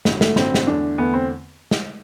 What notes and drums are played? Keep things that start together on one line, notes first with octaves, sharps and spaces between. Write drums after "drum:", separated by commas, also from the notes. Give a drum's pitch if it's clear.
A1 G2 D3 F#3, drum: snare
A3, drum: snare
A1 G2 D3 F#3 C4, drum: snare
drum: snare
E2 D3 A3 D4
E2 D3 A3 B3
C4
drum: snare